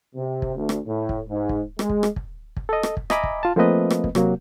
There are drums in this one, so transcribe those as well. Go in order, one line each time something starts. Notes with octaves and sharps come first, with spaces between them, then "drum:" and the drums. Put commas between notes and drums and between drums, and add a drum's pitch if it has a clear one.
C3
drum: kick
D2
drum: rim click
A2
drum: kick
G#2
drum: kick
G#3, drum: rim click
drum: kick
drum: rim click
drum: kick
drum: kick
A4 D#5
drum: rim click
drum: kick
D#5 E5 G#5 A#5 B5 D6, drum: rim click
drum: kick
F4 A5
F3 A3 A#3 C4 B4 D#5
drum: rim click
drum: kick
C3 F#3 A#3, drum: rim click